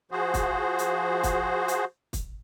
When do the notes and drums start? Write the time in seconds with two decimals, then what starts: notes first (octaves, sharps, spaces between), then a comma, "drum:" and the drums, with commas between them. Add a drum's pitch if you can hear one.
0.11 F3 F#4 G#4 C5
0.34 drum: kick, hi-hat
0.79 drum: hi-hat
1.23 drum: kick, hi-hat
1.68 drum: hi-hat
2.13 drum: kick, hi-hat